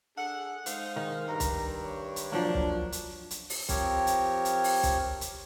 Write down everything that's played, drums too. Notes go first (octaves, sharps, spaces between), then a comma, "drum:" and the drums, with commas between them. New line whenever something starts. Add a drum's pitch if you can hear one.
D4 G#4 A4 F#5
G#3 D#4 C5 F5, drum: hi-hat
D#3
G2 A#5
drum: kick B1, hi-hat
C#5
drum: hi-hat
F3 F#3 A#3 D4
drum: kick B1
drum: hi-hat
drum: hi-hat
drum: open hi-hat
F3 C4 G4 A#4 C#5, drum: kick B1, hi-hat
drum: hi-hat
drum: hi-hat
drum: open hi-hat
drum: kick B1, hi-hat
drum: hi-hat